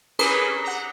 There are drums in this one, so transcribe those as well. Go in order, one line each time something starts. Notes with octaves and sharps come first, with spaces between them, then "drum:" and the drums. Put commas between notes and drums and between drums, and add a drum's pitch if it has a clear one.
C#4 G#4 A#4 B4, drum: cymbal
F#5 A#5